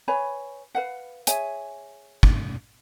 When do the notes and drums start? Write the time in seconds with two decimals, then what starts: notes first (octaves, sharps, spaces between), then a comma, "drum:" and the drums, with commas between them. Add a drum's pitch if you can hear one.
0.08 B4 C#5 G#5 B5
0.75 B4 F5 F#5
1.27 G#4 C#5 E5 G#5, drum: hi-hat
2.23 drum: kick